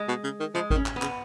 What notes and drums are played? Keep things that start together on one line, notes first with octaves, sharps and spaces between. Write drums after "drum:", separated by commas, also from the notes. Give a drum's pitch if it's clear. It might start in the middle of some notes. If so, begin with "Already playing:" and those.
Already playing: G#3
B2
C#3
D#3
F3 G#3
D#3, drum: kick G#1
C#4
drum: clap
B3
C#3, drum: clap